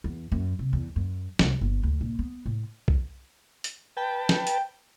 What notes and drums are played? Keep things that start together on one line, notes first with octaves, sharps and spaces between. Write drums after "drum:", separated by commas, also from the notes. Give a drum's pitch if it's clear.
E2
F#2
C3
E2
F#2
C2, drum: snare
G1
D2
A#1
B3
A2
drum: kick B1
drum: hi-hat
B4 G5 A5
drum: snare
drum: hi-hat